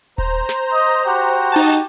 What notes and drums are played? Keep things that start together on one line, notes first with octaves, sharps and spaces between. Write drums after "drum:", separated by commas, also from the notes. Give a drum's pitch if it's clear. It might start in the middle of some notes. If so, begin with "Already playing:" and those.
C5 A#5, drum: kick D#1
drum: snare
D#5
F#4 G4
D#4 A5